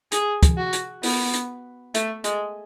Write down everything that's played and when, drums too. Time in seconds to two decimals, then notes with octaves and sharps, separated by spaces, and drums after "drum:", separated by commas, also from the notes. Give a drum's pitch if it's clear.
0.12 G#4, drum: hi-hat
0.43 drum: kick, hi-hat
0.57 F#4
0.73 drum: hi-hat
1.03 B3, drum: open hi-hat
1.33 drum: hi-hat
1.95 A3, drum: hi-hat
2.24 G#3, drum: hi-hat